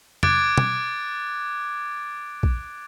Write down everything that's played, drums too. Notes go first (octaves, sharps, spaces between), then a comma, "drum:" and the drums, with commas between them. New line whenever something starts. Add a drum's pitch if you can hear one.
D6 F#6 G#6 A6 D7, drum: tom
drum: tom
drum: kick A#1